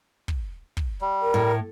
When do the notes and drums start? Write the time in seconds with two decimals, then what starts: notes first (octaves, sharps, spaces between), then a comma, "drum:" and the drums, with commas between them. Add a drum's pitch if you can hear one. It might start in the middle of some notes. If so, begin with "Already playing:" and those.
0.28 drum: kick
0.77 drum: kick
1.01 G3
1.22 A#4
1.34 A2